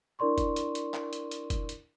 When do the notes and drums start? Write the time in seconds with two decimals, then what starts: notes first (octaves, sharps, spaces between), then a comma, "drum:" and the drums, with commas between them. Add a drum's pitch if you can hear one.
0.19 D4 E4 A#4 D5 C6 C#6
0.38 drum: kick, hi-hat
0.56 drum: hi-hat
0.75 drum: hi-hat
0.94 drum: clap
1.13 drum: hi-hat
1.31 drum: hi-hat
1.50 drum: kick, hi-hat
1.69 drum: hi-hat